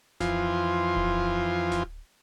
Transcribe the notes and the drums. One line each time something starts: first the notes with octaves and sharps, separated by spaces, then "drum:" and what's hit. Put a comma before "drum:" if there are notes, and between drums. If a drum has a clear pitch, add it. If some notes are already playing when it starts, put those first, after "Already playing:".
F2 E3 F3 F4 G#5 C6, drum: snare D1
drum: kick D#1
drum: snare D1